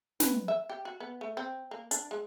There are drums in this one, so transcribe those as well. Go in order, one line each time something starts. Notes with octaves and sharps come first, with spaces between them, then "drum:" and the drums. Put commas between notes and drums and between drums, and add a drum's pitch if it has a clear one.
B4, drum: snare
E5
G4
F#4
B3
A3
C4
A#3
D4, drum: hi-hat
G#3